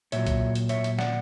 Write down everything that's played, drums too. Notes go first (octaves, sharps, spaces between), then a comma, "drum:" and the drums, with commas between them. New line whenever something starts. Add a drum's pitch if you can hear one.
A#2 F#3 C#5 E5, drum: hi-hat
drum: kick B1, hi-hat
drum: hi-hat
C#5 E5, drum: hi-hat
drum: hi-hat
D5 F#5, drum: snare